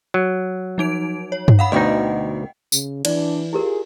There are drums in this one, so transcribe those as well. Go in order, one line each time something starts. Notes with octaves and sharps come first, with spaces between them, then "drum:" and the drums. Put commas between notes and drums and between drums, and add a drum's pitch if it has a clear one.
F#3
F3 D#4 D7
C#5
drum: tom G2
F5 F#5 B5
D2 B2 D#4 D#5 F#5 G5
C#3, drum: tambourine
E3 D4 D5, drum: cymbal
E4 F4 G4 G#4 A#4